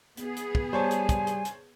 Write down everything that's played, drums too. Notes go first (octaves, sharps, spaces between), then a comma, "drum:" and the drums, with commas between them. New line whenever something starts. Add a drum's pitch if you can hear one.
B3 G#4, drum: hi-hat
drum: hi-hat
drum: kick
G3 C5 C#5 G#5 A5
drum: hi-hat
drum: kick, hi-hat
drum: hi-hat
drum: hi-hat